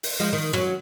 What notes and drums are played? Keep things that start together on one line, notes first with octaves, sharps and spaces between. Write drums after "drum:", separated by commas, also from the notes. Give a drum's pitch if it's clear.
drum: open hi-hat
F3 G#3
D#3
F#3 C#4, drum: rim click